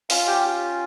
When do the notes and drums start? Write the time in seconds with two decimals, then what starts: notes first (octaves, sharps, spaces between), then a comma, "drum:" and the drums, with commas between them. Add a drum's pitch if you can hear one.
0.10 C#4 F4 F5, drum: open hi-hat
0.27 G4 G5